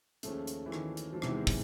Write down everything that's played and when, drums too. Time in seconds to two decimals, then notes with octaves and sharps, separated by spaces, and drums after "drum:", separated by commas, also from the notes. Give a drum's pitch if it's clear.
0.23 D#2 C#3 F3 A3, drum: hi-hat
0.47 drum: hi-hat
0.66 E3
0.72 D#3, drum: rim click
0.97 drum: hi-hat
1.13 F3
1.22 E2 C3 D#3 E3 G#3, drum: rim click
1.47 drum: kick, open hi-hat